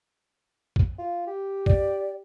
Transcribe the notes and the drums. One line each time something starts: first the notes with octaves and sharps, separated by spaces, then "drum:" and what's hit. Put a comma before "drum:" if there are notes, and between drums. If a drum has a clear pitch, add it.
drum: kick
F4
G4
D5, drum: kick